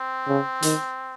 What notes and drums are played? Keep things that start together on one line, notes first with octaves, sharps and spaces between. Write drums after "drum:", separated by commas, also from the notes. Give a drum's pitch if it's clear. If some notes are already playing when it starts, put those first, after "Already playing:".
Already playing: C4
C#3
D#3, drum: hi-hat